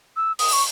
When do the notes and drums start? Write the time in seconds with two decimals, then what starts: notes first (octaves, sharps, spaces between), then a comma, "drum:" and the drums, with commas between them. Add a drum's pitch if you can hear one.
0.16 E6
0.39 D#6, drum: open hi-hat
0.53 C#6